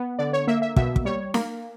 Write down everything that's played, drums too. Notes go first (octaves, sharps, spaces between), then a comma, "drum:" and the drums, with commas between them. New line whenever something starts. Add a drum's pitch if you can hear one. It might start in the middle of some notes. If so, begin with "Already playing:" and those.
Already playing: B3
D3 D5
C#5
A#3 E5
E5
B2 E5, drum: kick
drum: kick
G3 C#5
A#3, drum: snare